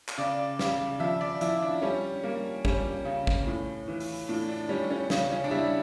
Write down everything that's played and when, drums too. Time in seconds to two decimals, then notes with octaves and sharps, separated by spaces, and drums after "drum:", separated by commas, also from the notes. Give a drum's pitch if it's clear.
0.09 drum: clap
0.18 C#3 D5
0.59 C#3, drum: snare
1.00 F3 E5
1.21 D5
1.41 F3 E4, drum: hi-hat
1.62 D4
1.82 G3 C#4
2.24 G3 A#3
2.65 G3 C#4, drum: kick
3.05 C#3
3.27 drum: kick
3.47 A2
3.88 E3
4.00 drum: open hi-hat
4.29 A2 D4
4.49 D4
4.69 G3 C#4
4.91 C#4
5.10 C#3 C#4, drum: snare
5.31 C#4
5.44 D4
5.51 G3 E4